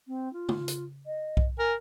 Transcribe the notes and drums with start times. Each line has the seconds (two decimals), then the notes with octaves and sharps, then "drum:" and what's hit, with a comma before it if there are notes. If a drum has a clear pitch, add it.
0.08 C4
0.33 F4
0.49 drum: tom
0.68 drum: hi-hat
1.06 D#5
1.37 drum: kick B1
1.59 A#4 G#5